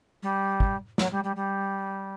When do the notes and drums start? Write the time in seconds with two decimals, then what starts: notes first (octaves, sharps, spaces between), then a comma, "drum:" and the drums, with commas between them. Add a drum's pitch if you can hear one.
0.23 G3
0.60 drum: kick
0.98 F#3, drum: snare
1.11 G3
1.24 G3
1.36 G3